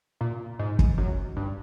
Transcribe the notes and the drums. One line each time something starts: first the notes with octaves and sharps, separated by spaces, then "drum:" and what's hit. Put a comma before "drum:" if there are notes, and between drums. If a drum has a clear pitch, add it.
A#2
G#2
drum: kick
F#2
G2